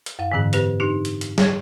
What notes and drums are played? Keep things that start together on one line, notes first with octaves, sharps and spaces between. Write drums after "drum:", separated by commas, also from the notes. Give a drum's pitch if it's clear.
drum: hi-hat
F#2 F5
G#2 D3 E3 C4 G#4
C4 G4 B4 C5, drum: hi-hat
D4 D#4 G4
drum: hi-hat
drum: hi-hat
C#5 G#6, drum: snare